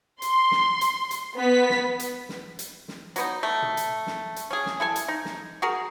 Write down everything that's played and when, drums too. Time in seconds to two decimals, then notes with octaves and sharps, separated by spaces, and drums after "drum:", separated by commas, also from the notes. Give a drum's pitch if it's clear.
0.22 C6, drum: hi-hat
0.51 drum: snare
0.81 drum: hi-hat
1.11 drum: hi-hat
1.36 B3 B6
1.70 drum: snare
2.00 drum: hi-hat
2.29 drum: snare
2.59 drum: hi-hat
2.88 drum: snare
3.16 F#3 B3 D#4, drum: hi-hat
3.43 A3
3.62 drum: tom
3.77 drum: hi-hat
4.07 drum: snare
4.36 drum: hi-hat
4.50 C#4 G#4
4.66 drum: snare
4.80 E4 A4 G#5
4.96 drum: hi-hat
5.08 D#4
5.25 drum: snare
5.62 F#4 G#4 A#4